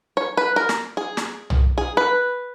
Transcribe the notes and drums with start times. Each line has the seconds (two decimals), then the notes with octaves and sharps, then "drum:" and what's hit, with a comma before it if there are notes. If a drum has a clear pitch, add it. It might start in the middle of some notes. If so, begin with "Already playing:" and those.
0.17 C#5
0.37 B4
0.56 A#4
0.69 drum: snare
0.97 G#4
1.17 drum: snare
1.50 drum: tom
1.78 G#4
1.97 B4